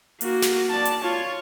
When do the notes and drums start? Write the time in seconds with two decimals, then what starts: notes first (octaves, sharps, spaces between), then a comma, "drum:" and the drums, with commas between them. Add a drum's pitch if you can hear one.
0.21 A#3 F#4, drum: hi-hat
0.42 drum: snare
0.70 D5 A5
0.85 drum: hi-hat
1.02 F4 C#5